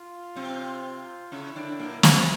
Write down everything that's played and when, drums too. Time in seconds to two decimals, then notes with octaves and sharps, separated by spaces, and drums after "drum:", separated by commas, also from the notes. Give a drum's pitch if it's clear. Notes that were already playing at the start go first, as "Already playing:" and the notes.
Already playing: F4
0.36 C3 C4
0.83 F4
1.32 C#3 C#4 E4
1.56 D3 D4
1.80 A#2 A#3
2.03 B2 B3, drum: snare